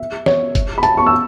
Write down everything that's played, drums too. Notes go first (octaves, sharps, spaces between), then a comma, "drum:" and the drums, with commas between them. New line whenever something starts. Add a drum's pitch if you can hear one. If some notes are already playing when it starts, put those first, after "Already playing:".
Already playing: E5
C#5, drum: snare
drum: kick F#1, hi-hat
B5
A5, drum: hi-hat
C#6
E6